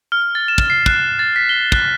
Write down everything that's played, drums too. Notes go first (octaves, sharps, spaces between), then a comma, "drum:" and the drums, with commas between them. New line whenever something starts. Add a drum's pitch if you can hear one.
F6
A6
E7
drum: kick
C7
F#6, drum: kick
A6
B6
G7
F#6, drum: kick